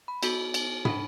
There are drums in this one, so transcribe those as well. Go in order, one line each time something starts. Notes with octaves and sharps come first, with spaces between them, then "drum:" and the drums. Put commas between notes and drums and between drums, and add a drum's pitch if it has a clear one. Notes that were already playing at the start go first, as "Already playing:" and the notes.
B5
B3 F#4 A4, drum: cymbal
drum: cymbal
D4 A4 B5, drum: tom